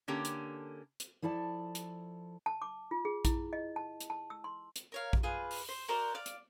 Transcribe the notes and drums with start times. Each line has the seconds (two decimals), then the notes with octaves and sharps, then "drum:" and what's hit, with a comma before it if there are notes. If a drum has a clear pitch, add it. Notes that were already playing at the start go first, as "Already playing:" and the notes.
0.08 D3 A#3 C#4 G4 A4
0.25 drum: hi-hat
1.00 drum: hi-hat
1.22 F3 E4 A4 D5 A5
1.75 drum: hi-hat
2.46 A5
2.62 D6
2.91 F4
3.05 G#4
3.25 E4, drum: kick A#1, hi-hat
3.53 D#5
3.76 A5
4.00 drum: hi-hat
4.10 A5
4.30 E6
4.44 C6
4.76 drum: hi-hat
4.92 A#4 C#5 F5
5.13 drum: kick A#1
5.23 F4 G#4 B4 D5
5.51 drum: open hi-hat
5.69 C5
5.88 F#4 A#4 C5 D5
6.14 D5 F5
6.26 drum: hi-hat